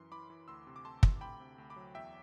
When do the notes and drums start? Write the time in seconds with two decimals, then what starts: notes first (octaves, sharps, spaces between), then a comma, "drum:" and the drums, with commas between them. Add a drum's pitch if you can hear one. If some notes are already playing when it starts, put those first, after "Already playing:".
Already playing: F#2 E3 C6
0.12 E3 B5 D6
0.30 E3
0.48 D2 C6 E6
0.67 C3
0.76 D6
0.85 A3 A5 C6
1.03 C3, drum: kick
1.21 D2 G5 B5
1.40 C3
1.58 D2
1.70 B5 D6
1.76 F#3
1.94 E2 E5 G5